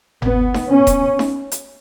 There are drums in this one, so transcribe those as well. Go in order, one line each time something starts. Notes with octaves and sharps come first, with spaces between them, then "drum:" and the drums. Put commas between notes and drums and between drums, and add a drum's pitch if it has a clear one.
B3, drum: tom G1
drum: snare D#4
C#4
drum: kick D#1, hi-hat
drum: snare D#4
drum: hi-hat